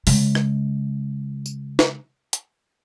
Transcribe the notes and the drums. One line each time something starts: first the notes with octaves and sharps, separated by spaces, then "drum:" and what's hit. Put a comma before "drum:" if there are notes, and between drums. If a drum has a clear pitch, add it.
C#3 G#3, drum: open hi-hat
drum: rim click
drum: tambourine
drum: snare
drum: hi-hat